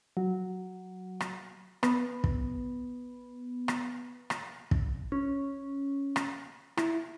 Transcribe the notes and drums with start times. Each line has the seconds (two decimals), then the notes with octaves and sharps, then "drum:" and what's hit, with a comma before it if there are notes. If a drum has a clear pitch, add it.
0.17 F#3
1.20 drum: rim click
1.83 B3, drum: rim click
2.24 drum: kick
3.68 drum: rim click
4.30 drum: rim click
4.71 drum: kick
5.12 C#4
6.16 drum: rim click
6.77 E4, drum: rim click